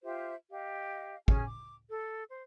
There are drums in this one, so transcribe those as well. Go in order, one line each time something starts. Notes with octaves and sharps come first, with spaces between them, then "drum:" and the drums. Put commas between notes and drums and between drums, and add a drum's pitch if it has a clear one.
F4 G4 C5 E5
G4 D#5 F5
C#4 G#4 G#5 F6, drum: kick
D6
A4
C5